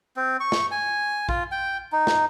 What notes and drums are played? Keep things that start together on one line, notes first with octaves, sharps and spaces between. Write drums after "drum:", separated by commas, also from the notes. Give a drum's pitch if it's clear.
C4
C#6
drum: snare
G#5
F4, drum: kick A#1
G5
D#4
drum: snare